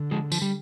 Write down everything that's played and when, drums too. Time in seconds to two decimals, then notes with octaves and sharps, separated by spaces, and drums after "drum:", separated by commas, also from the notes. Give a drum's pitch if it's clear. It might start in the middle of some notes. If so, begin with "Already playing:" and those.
Already playing: D3
0.11 F3 G#3
0.32 F3, drum: tambourine
0.42 G3